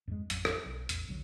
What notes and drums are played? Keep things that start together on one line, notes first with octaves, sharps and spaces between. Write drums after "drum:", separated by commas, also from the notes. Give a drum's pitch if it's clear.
F2 G#2 G#3
A1 F2 F#3, drum: hi-hat
drum: rim click
B1
A1 E2, drum: hi-hat
E1 B1 D3 F#3